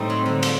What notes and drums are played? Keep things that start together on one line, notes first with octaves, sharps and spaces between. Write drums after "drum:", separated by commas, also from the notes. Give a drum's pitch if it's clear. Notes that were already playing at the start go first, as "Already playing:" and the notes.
Already playing: A2 G3 A3 C4 D#4
F#3
D3
drum: cymbal